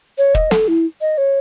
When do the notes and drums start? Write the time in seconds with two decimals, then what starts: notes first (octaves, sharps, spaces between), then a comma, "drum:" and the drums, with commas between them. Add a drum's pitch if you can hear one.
0.18 C#5
0.35 D#5, drum: kick
0.51 A4, drum: snare
0.68 E4
1.01 D#5
1.18 C#5